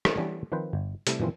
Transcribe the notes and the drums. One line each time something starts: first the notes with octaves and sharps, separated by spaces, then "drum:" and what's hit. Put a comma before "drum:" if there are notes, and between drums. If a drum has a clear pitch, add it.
C#4 D#4 E4 A#4 C5, drum: rim click
E3 G3 B3 C#4 D4
D#3 F3 C4 B4 C5
G1
C3 G3 A3 E4, drum: hi-hat
F#2 A#2 E3 F3 C4